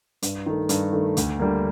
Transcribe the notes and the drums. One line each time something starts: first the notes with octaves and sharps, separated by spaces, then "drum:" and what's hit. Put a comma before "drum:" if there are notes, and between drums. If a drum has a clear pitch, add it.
G2, drum: hi-hat
D#3 A3
G2, drum: hi-hat
D#3 A3
D2, drum: hi-hat
D3 G3 A#3